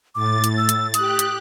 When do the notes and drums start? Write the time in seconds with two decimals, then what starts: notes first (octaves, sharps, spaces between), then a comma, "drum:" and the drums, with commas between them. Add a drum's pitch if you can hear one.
0.15 A2 D6 A6
0.44 drum: hi-hat
0.57 E6
0.69 drum: hi-hat
0.94 G4 D#6 F#6, drum: hi-hat
1.19 drum: hi-hat